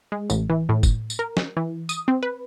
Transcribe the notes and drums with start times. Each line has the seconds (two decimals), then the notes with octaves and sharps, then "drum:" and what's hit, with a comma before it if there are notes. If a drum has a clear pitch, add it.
0.12 G#3
0.30 A1, drum: tambourine
0.50 E3
0.69 A2
0.83 drum: kick, tambourine
1.10 drum: tambourine
1.19 A#4
1.37 drum: snare
1.57 E3
1.89 D#6, drum: tambourine
2.08 C4
2.23 B4